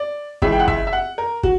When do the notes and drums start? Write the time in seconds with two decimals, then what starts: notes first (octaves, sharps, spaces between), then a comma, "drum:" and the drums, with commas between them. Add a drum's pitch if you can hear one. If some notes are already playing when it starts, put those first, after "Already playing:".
Already playing: D5
0.42 C#2 C#3 E3 E5, drum: kick
0.52 G5
0.60 F#5
0.68 E5, drum: kick
0.87 E5
0.93 F#5
1.18 A#4
1.43 F#4, drum: kick